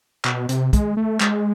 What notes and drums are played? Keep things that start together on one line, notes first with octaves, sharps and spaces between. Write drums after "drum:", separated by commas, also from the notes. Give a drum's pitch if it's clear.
B2, drum: clap
C3, drum: hi-hat
G#3, drum: kick, hi-hat
A3
G#3, drum: clap